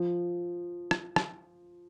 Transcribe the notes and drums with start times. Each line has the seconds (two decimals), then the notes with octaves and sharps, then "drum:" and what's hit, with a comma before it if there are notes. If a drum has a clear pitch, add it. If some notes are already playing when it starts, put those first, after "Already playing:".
Already playing: F3
0.91 drum: rim click
1.16 drum: rim click